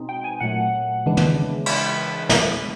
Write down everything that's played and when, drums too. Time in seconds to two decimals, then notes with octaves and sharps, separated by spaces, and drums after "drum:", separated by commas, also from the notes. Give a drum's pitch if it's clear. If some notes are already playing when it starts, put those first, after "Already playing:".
Already playing: B2 G#3 C4 D#4
0.09 G5
0.24 G#5
0.40 A#2 F#3 A3 F#5
1.06 C#3 E3 G#3 B3 D4
1.17 drum: tom
1.66 drum: cymbal
2.29 drum: snare